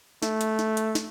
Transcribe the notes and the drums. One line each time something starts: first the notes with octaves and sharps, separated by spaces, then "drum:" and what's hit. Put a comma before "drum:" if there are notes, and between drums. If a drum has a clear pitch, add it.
A3, drum: snare
drum: hi-hat
drum: snare
drum: hi-hat
drum: snare